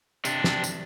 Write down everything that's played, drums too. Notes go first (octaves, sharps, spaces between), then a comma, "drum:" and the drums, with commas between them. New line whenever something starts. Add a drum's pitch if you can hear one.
C3 D4, drum: tambourine
drum: snare
drum: tambourine